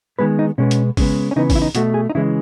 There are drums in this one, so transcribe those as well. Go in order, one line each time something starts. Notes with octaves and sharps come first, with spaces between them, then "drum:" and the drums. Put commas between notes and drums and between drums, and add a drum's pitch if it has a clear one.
D#3 G#3 B3 B4
D#4
B2 G#3 B3 C#4
drum: hi-hat
C#3 G#3 B3, drum: kick, open hi-hat
C#4
C#3 E3 B3 D#4
C#4, drum: kick, open hi-hat
E4
D#4
B2 A3 F#4, drum: hi-hat
G#4
D#4
C#3 E3 G#3 E4